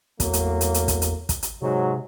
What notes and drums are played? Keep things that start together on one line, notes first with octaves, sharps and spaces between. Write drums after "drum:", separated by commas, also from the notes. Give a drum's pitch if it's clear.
E2 A2 F#3 A#3, drum: kick, hi-hat
drum: hi-hat
drum: hi-hat
drum: hi-hat
drum: kick, hi-hat
drum: hi-hat
drum: kick, hi-hat
drum: hi-hat
G#2 C3 F#3